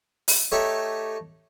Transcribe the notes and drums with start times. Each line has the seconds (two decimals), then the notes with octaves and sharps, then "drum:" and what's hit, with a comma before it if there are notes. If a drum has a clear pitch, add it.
0.28 drum: open hi-hat
0.52 A3 D#4 G4 A4 C#5